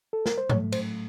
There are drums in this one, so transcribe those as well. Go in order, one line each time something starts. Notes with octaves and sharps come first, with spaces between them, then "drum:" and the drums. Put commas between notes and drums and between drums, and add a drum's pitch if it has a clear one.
A4
A#4, drum: snare
C5
A2 F#3 A3 C#5, drum: tom G#2
C5, drum: cymbal